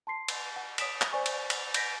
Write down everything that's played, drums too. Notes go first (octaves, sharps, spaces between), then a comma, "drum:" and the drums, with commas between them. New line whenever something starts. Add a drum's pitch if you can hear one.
A5 C6 C7
drum: cymbal
F#5
C#5 D#6 B6 D7 E7, drum: cymbal
drum: clap
C5 D5 G#5 C#6
drum: cymbal
drum: cymbal
G6 A#6 B6 D7, drum: cymbal